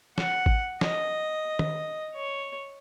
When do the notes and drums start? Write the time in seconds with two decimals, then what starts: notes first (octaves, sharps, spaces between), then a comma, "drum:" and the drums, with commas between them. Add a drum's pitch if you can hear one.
0.18 F#5, drum: snare
0.46 drum: kick A1
0.81 D#5, drum: snare
1.59 drum: tom
2.15 C#5